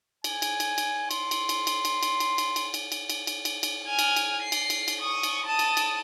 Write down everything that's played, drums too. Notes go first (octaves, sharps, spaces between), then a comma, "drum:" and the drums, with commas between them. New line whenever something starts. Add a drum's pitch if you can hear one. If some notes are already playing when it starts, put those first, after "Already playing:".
G#5, drum: cymbal
drum: cymbal
drum: cymbal
drum: cymbal
C6, drum: cymbal
drum: cymbal
drum: cymbal
drum: cymbal
drum: cymbal
drum: cymbal
drum: cymbal
drum: cymbal
drum: cymbal
drum: cymbal
drum: cymbal
drum: cymbal
drum: cymbal
drum: cymbal
drum: cymbal
G#5 F6
drum: cymbal
drum: cymbal
C7
drum: cymbal
drum: cymbal
drum: cymbal
C#6 D#6
drum: cymbal
A5 D#6
drum: cymbal
drum: cymbal